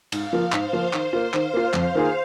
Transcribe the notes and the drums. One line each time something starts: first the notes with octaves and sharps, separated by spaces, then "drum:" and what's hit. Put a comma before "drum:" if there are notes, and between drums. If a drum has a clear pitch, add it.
G#2 F5, drum: cymbal
F3 A#3 F4
G#2 C5, drum: clap
F3 A#3 F4
D#3, drum: clap
A#3 F4
D#3 F5, drum: clap
A#3 F4
F2, drum: clap
D#3 A#3 F4 G#4